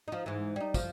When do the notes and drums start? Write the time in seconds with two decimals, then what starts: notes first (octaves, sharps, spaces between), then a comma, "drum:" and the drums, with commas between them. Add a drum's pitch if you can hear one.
0.08 F3 D#4
0.26 G#2 E3
0.56 G3 D#4
0.74 F3, drum: kick, tambourine